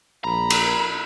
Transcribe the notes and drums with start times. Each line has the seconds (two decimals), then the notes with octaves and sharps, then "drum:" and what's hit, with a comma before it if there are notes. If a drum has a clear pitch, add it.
0.24 A#1 A#5 B5
0.50 drum: cymbal